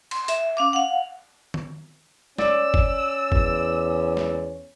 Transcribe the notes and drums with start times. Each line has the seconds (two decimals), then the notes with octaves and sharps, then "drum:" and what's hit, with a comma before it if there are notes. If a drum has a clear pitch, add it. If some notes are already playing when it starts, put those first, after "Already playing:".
0.11 C6, drum: cymbal
0.28 E5, drum: hi-hat
0.57 C#4 F5 D6
0.73 F5 F#5
1.54 drum: tom D#3
2.38 C#4 D5 E6, drum: snare G#3
2.74 drum: kick
3.32 E2, drum: kick
4.17 drum: snare G#3